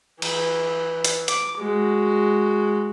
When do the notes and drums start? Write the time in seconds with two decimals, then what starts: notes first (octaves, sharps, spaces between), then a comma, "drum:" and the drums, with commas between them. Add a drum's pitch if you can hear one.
0.22 E3, drum: cymbal
1.04 drum: hi-hat
1.28 D6, drum: hi-hat
1.58 G#3 F#4